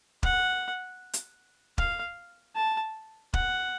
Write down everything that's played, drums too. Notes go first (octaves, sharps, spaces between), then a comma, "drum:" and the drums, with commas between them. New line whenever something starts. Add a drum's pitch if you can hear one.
F#5, drum: kick
drum: hi-hat
F5, drum: kick
A5
F#5, drum: kick